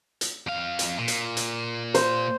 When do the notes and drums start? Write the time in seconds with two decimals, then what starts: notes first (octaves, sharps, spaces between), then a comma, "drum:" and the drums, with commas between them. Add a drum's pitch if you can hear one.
0.21 drum: hi-hat
0.47 F2 F5
0.79 drum: hi-hat
0.98 A#2
1.08 drum: hi-hat
1.37 drum: hi-hat
1.94 C5, drum: hi-hat